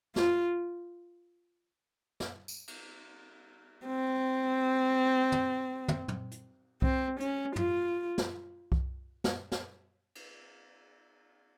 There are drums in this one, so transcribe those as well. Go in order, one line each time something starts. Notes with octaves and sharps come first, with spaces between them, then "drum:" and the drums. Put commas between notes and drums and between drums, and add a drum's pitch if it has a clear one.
F4, drum: snare
drum: snare
drum: tambourine
drum: cymbal
C4
drum: tom
drum: tom
drum: tom
drum: hi-hat
C4, drum: kick C2
C#4, drum: hi-hat
F4, drum: tom
drum: snare
drum: kick C2
drum: snare
drum: snare
drum: cymbal